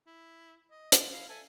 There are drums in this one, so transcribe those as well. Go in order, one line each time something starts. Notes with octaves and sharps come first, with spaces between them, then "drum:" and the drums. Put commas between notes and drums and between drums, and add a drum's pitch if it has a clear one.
E4
D#5
F4, drum: hi-hat
E4 F5
A4 E5 G#5